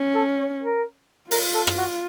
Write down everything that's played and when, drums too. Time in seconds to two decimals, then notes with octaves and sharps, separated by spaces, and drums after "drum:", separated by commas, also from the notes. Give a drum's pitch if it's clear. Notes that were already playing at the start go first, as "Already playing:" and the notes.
Already playing: C#4
0.15 A4
0.38 C#5
0.62 A#4
1.31 F4 A#4, drum: open hi-hat
1.54 A4
1.67 drum: rim click
1.78 F#4